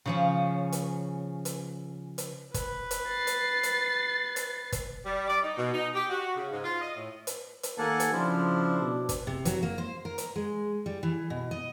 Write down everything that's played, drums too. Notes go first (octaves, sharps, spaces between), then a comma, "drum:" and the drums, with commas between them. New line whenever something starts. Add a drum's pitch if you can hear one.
C#3 F3 C#4
drum: hi-hat
drum: hi-hat
drum: hi-hat
B4, drum: kick, hi-hat
drum: hi-hat
A6 C7
drum: hi-hat
drum: hi-hat
drum: hi-hat
drum: kick, hi-hat
G3
D5
D#4
B2
D#4
G4
F#4
C#3
G#2
F4
D#5
A2
drum: hi-hat
drum: hi-hat
D#2 A#3 A4 F#5 G#5 A5
drum: hi-hat
C#3 F3 D4 E4 C5 F6
B2
drum: kick, hi-hat
C3
F#3, drum: hi-hat
A#3
C5
A#4
drum: hi-hat
G#3
G3
E3
B2
D#5